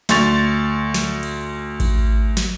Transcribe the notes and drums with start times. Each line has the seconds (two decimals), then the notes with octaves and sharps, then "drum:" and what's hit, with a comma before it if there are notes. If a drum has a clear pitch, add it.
0.09 D2 C6 C#6 A6 F7, drum: snare
0.94 drum: snare
1.23 drum: cymbal
1.80 drum: kick A1, cymbal
2.37 drum: snare